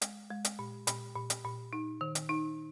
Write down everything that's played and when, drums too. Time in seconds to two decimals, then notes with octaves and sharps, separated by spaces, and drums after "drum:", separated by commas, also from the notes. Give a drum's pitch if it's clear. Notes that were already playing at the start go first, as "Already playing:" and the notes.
0.02 G#3, drum: hi-hat
0.30 G#3
0.45 drum: hi-hat
0.59 A#2
0.87 A#2, drum: hi-hat
1.15 A#2
1.30 drum: hi-hat
1.44 A#2
1.73 D#4
2.01 D#3
2.15 drum: hi-hat
2.29 D#4